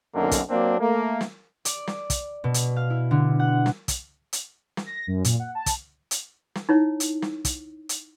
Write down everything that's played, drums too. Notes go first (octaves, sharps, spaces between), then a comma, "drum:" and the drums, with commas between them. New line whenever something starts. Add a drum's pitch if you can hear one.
B1 F#2 D3 D#3 A#3
drum: kick, hi-hat
F#3 A#3 C4 D4
A3 A#3
drum: snare
D5, drum: hi-hat
drum: snare
drum: kick, hi-hat
B2
drum: hi-hat
F5
E4
D3
F#5
drum: snare
drum: kick, hi-hat
drum: hi-hat
drum: snare
A#6
F#2
A#2, drum: hi-hat
F#5
A5
drum: kick, hi-hat
drum: hi-hat
drum: snare
D#4 E4 C#5
drum: hi-hat
drum: snare
drum: kick, hi-hat
drum: hi-hat